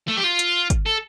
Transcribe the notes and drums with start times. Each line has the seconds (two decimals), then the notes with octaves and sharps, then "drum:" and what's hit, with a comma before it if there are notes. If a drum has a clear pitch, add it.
0.08 A3
0.17 G4
0.24 F4
0.39 drum: hi-hat
0.70 drum: kick, hi-hat
0.86 A4